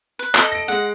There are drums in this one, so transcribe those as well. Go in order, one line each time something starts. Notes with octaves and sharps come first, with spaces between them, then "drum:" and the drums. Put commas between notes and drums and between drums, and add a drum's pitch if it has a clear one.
B4
A4 D#5, drum: clap
A#6 D7
G#3 F#5